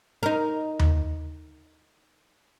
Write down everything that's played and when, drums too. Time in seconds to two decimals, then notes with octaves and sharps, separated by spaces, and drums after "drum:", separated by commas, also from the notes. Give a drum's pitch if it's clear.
0.23 D#4 A#4
0.79 drum: tom D#2